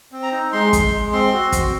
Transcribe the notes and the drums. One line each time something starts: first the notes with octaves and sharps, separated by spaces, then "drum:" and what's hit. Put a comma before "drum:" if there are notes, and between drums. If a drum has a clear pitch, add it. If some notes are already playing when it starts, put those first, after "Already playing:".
C4
A#5
D#4
G#3 C6
G#3, drum: kick, hi-hat
G#3
C4 C6
F#4
C4, drum: kick, hi-hat